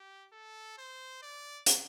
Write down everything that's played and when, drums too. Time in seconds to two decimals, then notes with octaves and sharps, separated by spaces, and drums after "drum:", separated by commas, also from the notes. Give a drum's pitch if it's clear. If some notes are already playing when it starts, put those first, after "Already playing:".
Already playing: G4
0.33 A4
0.78 C5
1.22 D5
1.66 drum: hi-hat